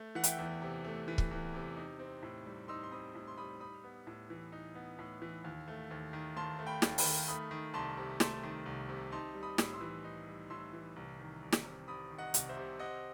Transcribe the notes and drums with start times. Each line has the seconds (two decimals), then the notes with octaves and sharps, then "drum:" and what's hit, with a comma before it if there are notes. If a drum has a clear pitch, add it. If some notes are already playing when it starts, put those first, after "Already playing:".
Already playing: A3
0.15 E3 F#5
0.24 E5 G5, drum: hi-hat
0.39 E2
0.62 C3
0.85 A3
1.08 E3
1.18 drum: kick
1.31 E2
1.54 C3
1.76 D#4
1.99 C4
2.23 A2
2.46 G3
2.68 D#4 C6 E6
2.83 C6
2.91 C4 B5 D#6
3.15 A2
3.28 C6
3.38 G3 B5 D#6
3.60 D#4 B5 D#6
3.84 B3
4.07 A2
4.30 E3
4.52 D#4
4.75 B3
4.99 A2
5.22 E3
5.44 D#2
5.68 A3
5.91 D#2
6.13 D#3
6.36 D#2 A5 C6
6.59 A3
6.66 G5 B5
6.82 D#2, drum: snare
6.98 G5 B5, drum: open hi-hat
7.05 D#3
7.28 A3 B5 D#6
7.51 D#3
7.74 C2 A5 C6
7.97 C3
8.20 A3 A5 C6, drum: snare
8.43 D#3
8.66 C2
8.89 C3
9.12 D#4 A5 C6
9.35 G3
9.43 B5 D#6
9.58 A2, drum: snare
9.74 C6 E6
9.81 E3
10.04 D#4
10.28 G3
10.50 A2 C6 E6
10.73 E3
10.96 C2
11.20 D#3
11.42 C2
11.52 drum: snare
11.65 C3
11.88 C2 B5 D#6
12.11 D#3
12.18 D#5 F#5
12.34 C2, drum: hi-hat
12.49 C5 E5
12.57 C3
12.79 C4 D#5 F#5